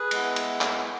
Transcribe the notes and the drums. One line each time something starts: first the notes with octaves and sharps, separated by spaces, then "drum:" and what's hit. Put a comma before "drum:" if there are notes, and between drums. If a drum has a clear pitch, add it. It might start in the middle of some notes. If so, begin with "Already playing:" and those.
Already playing: G#4 B4
G#3 B3 E4, drum: cymbal
drum: cymbal
drum: clap